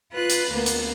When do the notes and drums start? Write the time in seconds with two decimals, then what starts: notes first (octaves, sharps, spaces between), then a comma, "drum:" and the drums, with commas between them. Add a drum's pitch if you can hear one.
0.11 F4 B4 F#6
0.30 drum: hi-hat
0.50 D2 A#3 B3
0.66 drum: hi-hat